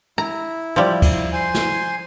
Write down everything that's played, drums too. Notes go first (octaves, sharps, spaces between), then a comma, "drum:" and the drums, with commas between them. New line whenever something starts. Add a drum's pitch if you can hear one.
E4 A#5
F3 G3
drum: kick, cymbal
C5 G#5 C6
drum: snare